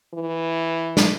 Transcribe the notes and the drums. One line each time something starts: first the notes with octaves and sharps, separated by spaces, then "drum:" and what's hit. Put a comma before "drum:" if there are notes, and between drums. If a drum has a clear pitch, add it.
E3
drum: snare